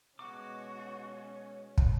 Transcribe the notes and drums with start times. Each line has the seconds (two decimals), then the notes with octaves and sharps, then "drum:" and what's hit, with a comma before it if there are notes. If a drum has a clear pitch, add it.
0.19 B2 G#3 C#4 F#4 D6
1.78 drum: kick